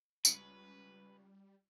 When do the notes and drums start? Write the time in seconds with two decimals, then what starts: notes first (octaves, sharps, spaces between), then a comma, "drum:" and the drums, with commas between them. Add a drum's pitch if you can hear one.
0.25 C#2 G3 C#4 B4, drum: tambourine